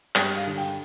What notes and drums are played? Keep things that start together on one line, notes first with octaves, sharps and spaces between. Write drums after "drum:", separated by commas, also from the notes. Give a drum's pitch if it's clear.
G2 G5, drum: clap
F5
D3
G5, drum: open hi-hat